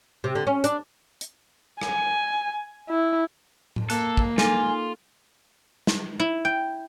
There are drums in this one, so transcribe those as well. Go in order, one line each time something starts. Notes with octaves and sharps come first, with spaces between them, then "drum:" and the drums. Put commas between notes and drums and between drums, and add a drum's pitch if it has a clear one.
C3
D3
C#4
D4, drum: hi-hat
drum: hi-hat
G#5, drum: rim click
E4
drum: tom A2
A#3 A4 F#6, drum: hi-hat
drum: kick
D#4 F4 A4 G#5, drum: snare
drum: snare
E4
G5